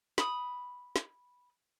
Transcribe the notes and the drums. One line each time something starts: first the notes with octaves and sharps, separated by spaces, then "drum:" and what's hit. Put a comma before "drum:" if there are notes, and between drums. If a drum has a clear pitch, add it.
B5 D#6, drum: snare
drum: snare